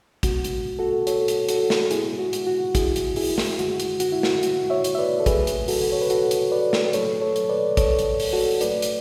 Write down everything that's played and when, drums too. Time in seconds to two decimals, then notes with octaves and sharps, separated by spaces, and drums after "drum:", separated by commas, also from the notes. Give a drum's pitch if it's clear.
0.23 E2 B2 G#3 B3 F#4, drum: kick, hi-hat
0.44 drum: hi-hat
0.79 F#4 A4
1.07 A4 C#5, drum: hi-hat
1.28 drum: hi-hat
1.49 F#4 A4, drum: hi-hat
1.70 drum: snare
1.91 A2 G#3 B3 E4 G#4, drum: hi-hat
2.19 F#4
2.33 drum: hi-hat
2.47 F#4
2.75 E4 G#4, drum: kick, hi-hat
2.96 drum: hi-hat
3.16 E4 G#4, drum: open hi-hat
3.38 drum: snare
3.59 F#2 D3 G#3 F#4, drum: hi-hat
3.80 drum: hi-hat
4.00 F#4, drum: hi-hat
4.12 E4
4.23 F#4, drum: snare
4.43 F#4, drum: hi-hat
4.70 C#5 E5
4.84 drum: hi-hat
4.95 E5
4.98 B4 D5
5.20 A4
5.26 C#3 F#3 A3 G#4 B4, drum: kick, hi-hat
5.47 drum: hi-hat
5.68 F#4 A4, drum: open hi-hat
5.92 C#5
6.01 B4
6.10 F#4 A4, drum: hi-hat
6.31 drum: hi-hat
6.52 B4 D5
6.73 drum: snare
6.93 A2 F#3 A3 A4 C#5, drum: hi-hat
7.22 A4 C#5
7.36 drum: hi-hat
7.49 B4 D5
7.77 A4 C#5, drum: kick, hi-hat
7.99 drum: hi-hat
8.20 drum: open hi-hat
8.33 F#4 A4
8.61 A2 F#3 A3 B4 D5, drum: hi-hat
8.82 drum: hi-hat